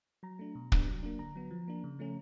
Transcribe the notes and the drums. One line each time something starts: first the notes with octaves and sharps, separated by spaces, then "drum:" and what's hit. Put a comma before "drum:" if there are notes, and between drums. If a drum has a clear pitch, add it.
F#3 A#5
A3 D4
B2
G3 B3 D4, drum: kick
F#3
A#3 D4
D3 A#5
F#3 B3
F3
A#3 D4
C#3
F3 A3 C#4